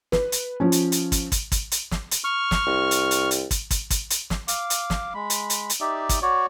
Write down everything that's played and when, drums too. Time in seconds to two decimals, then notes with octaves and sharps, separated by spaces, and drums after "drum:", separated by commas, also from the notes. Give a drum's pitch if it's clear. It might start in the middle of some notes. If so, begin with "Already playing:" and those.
0.12 B4, drum: snare
0.32 drum: hi-hat
0.60 F3 C#4
0.72 drum: hi-hat
0.92 drum: hi-hat
1.12 drum: kick, hi-hat
1.32 drum: kick, hi-hat
1.52 drum: kick, hi-hat
1.71 drum: hi-hat
1.91 drum: snare
2.11 drum: hi-hat
2.24 C#6 F6
2.51 drum: snare
2.66 C2
2.91 drum: hi-hat
3.11 drum: hi-hat
3.31 drum: hi-hat
3.51 drum: kick, hi-hat
3.71 drum: kick, hi-hat
3.90 drum: kick, hi-hat
4.10 drum: hi-hat
4.30 drum: snare
4.48 F5 D6, drum: hi-hat
4.70 drum: hi-hat
4.90 drum: snare
5.14 G#3 B5
5.30 drum: hi-hat
5.50 drum: hi-hat
5.70 drum: hi-hat
5.81 D#4 G4 D5 E5
6.09 drum: kick, hi-hat
6.22 F#4 C#5 D5